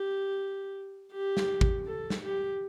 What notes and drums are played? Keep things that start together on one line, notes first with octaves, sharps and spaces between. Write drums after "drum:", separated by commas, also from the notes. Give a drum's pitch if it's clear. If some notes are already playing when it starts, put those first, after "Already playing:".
Already playing: G4
G4
drum: snare
drum: kick G#1
A4
drum: snare
G4